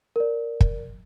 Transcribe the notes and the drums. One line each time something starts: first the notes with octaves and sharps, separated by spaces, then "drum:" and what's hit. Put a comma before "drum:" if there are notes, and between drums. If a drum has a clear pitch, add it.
A#4 D5
drum: kick